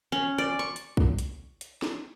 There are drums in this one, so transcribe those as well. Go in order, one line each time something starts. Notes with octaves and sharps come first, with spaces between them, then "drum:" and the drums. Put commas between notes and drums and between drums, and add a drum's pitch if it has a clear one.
C#4
D5
C#6
drum: hi-hat
drum: kick
drum: hi-hat
drum: hi-hat
drum: snare